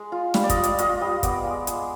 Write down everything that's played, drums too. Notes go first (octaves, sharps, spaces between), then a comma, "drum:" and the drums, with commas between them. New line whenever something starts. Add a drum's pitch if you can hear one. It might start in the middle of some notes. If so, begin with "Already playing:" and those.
Already playing: G#3
F4
G3 F5, drum: snare
D5
D#5, drum: kick, hi-hat
F4
D5, drum: hi-hat
F4 D#5, drum: hi-hat
G3 D#5
B3 D5, drum: kick, hi-hat
G#3
G#3, drum: hi-hat